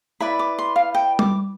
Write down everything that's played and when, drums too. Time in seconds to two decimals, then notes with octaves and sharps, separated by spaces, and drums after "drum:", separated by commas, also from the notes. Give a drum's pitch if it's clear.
0.20 E4 B4 D5 B5
0.39 D6
0.59 C6
0.76 F5
0.95 G5
1.19 D6, drum: tom G3